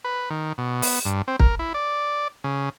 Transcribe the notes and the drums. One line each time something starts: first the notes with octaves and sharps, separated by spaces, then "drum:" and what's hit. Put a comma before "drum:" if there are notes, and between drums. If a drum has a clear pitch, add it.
B4
D#3
B2
B3, drum: open hi-hat
G2
C4
A#4, drum: kick
E4
D5
C#3